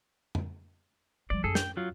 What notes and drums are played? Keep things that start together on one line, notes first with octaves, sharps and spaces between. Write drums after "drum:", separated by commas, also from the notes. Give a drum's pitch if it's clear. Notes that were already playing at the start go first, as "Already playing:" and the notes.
drum: tom F2
F3 G3 D5
F#2 G#4 A4
G5, drum: snare
F#3 F4